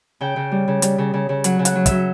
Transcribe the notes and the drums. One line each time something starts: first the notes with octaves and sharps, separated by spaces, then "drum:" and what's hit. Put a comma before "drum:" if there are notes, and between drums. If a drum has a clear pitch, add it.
C#3 G5
C#3
G3
C#3
G3, drum: hi-hat
C#3
C#3
C#3
F#3 F#5, drum: hi-hat
C#3
F#5, drum: hi-hat
F#3
F#3 E5, drum: kick, hi-hat